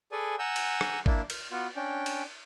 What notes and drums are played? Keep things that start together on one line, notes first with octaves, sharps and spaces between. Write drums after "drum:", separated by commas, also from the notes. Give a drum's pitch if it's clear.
G#4 A4 B4 D5 G#5
F#5 G#5 A#5 E6 G6
drum: cymbal
drum: rim click
A#3 D4 E4, drum: kick G#1
F6, drum: cymbal
B3 F4 F#4
C#4 D4 G5
drum: cymbal